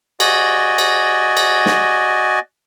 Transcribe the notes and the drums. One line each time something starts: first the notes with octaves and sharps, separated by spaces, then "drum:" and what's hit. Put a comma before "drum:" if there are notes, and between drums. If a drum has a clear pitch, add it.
F#4 D5 D#5 G#5, drum: cymbal
drum: cymbal
drum: cymbal
drum: snare